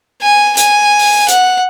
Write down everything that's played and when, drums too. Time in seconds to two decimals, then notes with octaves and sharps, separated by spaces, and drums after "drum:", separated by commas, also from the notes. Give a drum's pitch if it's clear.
0.22 G#5
0.57 G#5, drum: hi-hat
0.99 drum: open hi-hat
1.28 F#5, drum: hi-hat